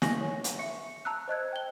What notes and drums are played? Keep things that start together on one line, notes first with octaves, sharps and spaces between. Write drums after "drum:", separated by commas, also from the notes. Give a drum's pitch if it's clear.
G#5 C#6 A#6 F#7, drum: snare
C#5
drum: hi-hat
E5 C#6 C#7
A5 A#5 E6 F#6
C5 D#5 F#6 G#6
G5 G7